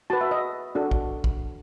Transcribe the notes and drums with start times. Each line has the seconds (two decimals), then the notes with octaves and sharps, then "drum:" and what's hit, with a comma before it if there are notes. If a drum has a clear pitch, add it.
0.10 F#4 B4 A5
0.21 E5
0.31 D#5
0.75 D4 F#4 A4
0.91 drum: kick A#1
1.24 drum: kick A#1